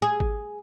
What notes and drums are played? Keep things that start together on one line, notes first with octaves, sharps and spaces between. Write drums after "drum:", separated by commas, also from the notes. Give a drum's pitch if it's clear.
G#4
drum: kick G#1